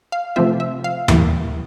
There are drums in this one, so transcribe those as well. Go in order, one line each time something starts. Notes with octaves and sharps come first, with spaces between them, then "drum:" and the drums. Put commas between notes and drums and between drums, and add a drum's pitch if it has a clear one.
F5
C3 F3 A3 C4 F4 E5
E5
F5
A2 E3 G3 A#3, drum: tom D#2